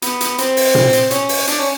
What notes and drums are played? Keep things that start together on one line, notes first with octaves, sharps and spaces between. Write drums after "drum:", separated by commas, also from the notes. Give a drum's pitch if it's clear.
B3, drum: hi-hat
drum: hi-hat
C4, drum: hi-hat
drum: open hi-hat
drum: tom A#2
drum: hi-hat
C#4, drum: hi-hat
drum: open hi-hat
D4, drum: hi-hat
C#4